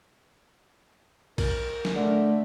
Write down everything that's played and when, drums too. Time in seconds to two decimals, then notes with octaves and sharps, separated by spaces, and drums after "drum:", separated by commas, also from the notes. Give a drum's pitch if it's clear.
1.38 A#4, drum: kick A#1, cymbal
1.85 drum: snare
1.96 D3 A3